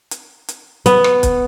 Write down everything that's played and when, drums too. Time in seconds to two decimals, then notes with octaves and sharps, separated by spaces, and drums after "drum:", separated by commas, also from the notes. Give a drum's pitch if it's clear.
0.11 drum: hi-hat
0.48 drum: hi-hat
0.86 B3, drum: hi-hat
1.04 drum: rim click
1.23 drum: kick, hi-hat